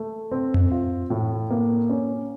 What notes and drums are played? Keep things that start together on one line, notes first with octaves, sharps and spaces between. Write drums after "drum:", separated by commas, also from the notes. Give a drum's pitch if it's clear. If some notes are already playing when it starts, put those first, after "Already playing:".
Already playing: A3
C4
drum: tom F2
F4
A2
A#3
C#4